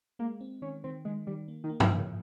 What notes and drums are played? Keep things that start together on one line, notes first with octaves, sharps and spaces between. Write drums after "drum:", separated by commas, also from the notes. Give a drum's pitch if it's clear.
G#3 A#3
C4
D#3 C#4
D#3 C4
D#3 G#3
D#3 G3
A#3
D#3
A#3
D#3, drum: tom G2
F3
C#3